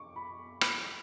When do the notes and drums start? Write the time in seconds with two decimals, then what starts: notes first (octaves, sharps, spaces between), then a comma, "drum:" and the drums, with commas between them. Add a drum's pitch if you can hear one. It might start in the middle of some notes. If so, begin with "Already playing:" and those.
Already playing: C#6 D6
0.16 B5
0.61 B5, drum: rim click